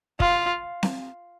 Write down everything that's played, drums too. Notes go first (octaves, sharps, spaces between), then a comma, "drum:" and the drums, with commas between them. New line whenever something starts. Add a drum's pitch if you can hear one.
F4, drum: kick
drum: snare C4